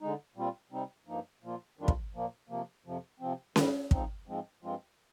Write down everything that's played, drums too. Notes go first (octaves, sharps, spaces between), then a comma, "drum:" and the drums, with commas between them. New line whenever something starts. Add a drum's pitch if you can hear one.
D3 G#3 D#4
A#2 G3 C4 F4
C3 G3 C4 D#4
G2 F3 A#3 D#4
A#2 F3 A#3 F4
F2 D#3 G3 D4 F4
drum: kick
A#2 F3 A#3
C3 F3 A#3
F2 C3 F3
C3 F3 C4
G#2 D#3 G3, drum: snare C#4
G#2 F3 C4 D#4, drum: kick
G#2 F3 G#3 C4
G2 F3 G#3 C4 F4